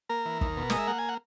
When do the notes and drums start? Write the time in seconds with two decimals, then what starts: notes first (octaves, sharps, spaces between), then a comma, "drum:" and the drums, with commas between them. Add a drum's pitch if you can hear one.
0.09 A#3 A#4
0.26 E3
0.41 D#2, drum: kick
0.56 B2
0.70 G#3 D#5, drum: snare
0.78 E5
0.87 A#3 F#5
0.98 G#5
1.09 F#5